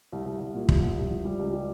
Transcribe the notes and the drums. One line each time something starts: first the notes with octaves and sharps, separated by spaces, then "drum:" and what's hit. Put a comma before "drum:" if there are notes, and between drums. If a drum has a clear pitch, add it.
C2
C2
C2
A#2
C2, drum: kick
C2
C2
F3
G3
C#2
G3